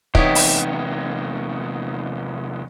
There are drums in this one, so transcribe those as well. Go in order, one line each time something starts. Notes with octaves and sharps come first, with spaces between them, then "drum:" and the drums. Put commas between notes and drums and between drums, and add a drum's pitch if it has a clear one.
E2 C3 B3 D#4 E4 G4 C#5 D#5, drum: kick
drum: open hi-hat